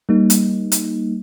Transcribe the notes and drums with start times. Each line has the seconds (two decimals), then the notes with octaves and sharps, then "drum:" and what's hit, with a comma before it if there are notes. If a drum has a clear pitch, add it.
0.09 G3 A#3 D#4
0.30 drum: hi-hat
0.72 drum: hi-hat